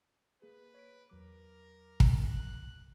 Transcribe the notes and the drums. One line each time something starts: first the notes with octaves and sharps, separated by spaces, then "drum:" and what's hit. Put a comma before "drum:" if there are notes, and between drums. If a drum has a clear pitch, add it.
A#3 G#4 B4
C#5 B6 D7
E2 F#3 A#4 D6
drum: kick
F#6